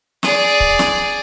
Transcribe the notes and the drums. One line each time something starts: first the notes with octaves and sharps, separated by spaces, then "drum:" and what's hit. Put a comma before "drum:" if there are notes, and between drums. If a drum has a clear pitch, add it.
G#4 D5, drum: snare
drum: kick C#1
drum: snare